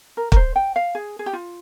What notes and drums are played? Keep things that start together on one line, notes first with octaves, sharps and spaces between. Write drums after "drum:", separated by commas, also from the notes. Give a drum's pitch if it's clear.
A#4
A#4, drum: kick
C5
G5
F5
G#4
G#4
G4
F4